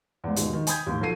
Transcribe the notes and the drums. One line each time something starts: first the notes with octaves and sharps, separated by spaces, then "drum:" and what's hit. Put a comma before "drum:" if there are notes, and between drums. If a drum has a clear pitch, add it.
E2 G#2
D#2 B2 G#3, drum: hi-hat
D#3
G5 G#5 B5 D#6 G6 G#6, drum: hi-hat
D#2 A2
B1 F3 F#4 A4 C7 D#7